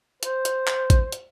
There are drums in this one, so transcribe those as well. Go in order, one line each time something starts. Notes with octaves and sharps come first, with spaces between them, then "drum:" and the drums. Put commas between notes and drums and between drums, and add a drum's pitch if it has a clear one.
C5, drum: hi-hat
drum: hi-hat
drum: clap
drum: kick, hi-hat
drum: hi-hat